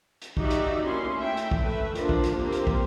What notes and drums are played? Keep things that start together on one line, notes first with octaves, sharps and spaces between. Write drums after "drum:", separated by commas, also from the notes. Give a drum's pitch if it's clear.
drum: hi-hat
D#4 F#4 G4 D5 E5, drum: kick
drum: hi-hat
A#3 C#4 E4 C6
A3 E5 G5
drum: hi-hat
drum: kick
A3 B4 E5
F3 A#3 D4, drum: hi-hat
drum: kick
drum: hi-hat
A#3 C4 G4
drum: hi-hat
drum: kick